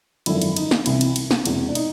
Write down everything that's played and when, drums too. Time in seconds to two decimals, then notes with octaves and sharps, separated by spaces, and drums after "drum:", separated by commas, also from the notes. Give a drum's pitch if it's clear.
0.26 G#1 F#2 D3 F3 E4, drum: cymbal
0.42 drum: cymbal
0.57 D#4, drum: cymbal
0.71 drum: snare
0.86 C2 C3 E3 E4, drum: cymbal
1.01 drum: cymbal
1.16 drum: cymbal
1.31 drum: snare
1.46 E1 E2 C3, drum: cymbal
1.68 D4
1.75 D#4, drum: cymbal